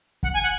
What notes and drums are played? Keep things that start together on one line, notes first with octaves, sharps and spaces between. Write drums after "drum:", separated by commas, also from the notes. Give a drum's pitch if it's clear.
F#5, drum: kick
G#5
F#5